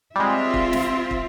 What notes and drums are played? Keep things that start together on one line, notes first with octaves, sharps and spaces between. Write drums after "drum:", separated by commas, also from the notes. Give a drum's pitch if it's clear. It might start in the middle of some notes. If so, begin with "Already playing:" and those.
G3 G#3 C4 F4 E5
drum: kick
drum: snare
drum: kick